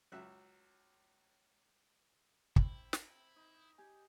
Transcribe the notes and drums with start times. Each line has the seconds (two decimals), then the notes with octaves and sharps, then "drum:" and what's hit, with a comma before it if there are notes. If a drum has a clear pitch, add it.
0.12 C#2 F#3 E5 F#6
2.56 C4 E4 G4 B5, drum: kick
2.93 drum: snare
3.36 D#4 C#6
3.78 G4 G#5